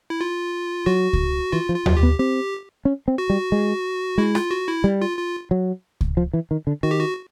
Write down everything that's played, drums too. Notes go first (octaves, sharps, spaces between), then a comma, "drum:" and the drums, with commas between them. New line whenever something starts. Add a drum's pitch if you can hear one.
E4
F4
F#3 F#4
drum: kick C#2
E3 F4
F3
F4
F#3, drum: tom D#2
G4
B3
C4 G4
C#4
C4
F#4
G3
G#3
G#3 E4
F4, drum: rim click
F#4
E4
G3
F4
F4
F#3
drum: kick C#2
F3
E3
D#3
D3
D#3 F#4
G4
F#4